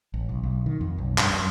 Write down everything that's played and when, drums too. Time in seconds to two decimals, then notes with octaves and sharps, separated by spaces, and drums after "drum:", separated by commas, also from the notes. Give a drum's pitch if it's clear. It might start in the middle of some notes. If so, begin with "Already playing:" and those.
0.14 A1
0.29 B1
0.43 B1
0.66 D#3
0.81 F2
0.98 B1
1.18 G2, drum: clap
1.34 F#2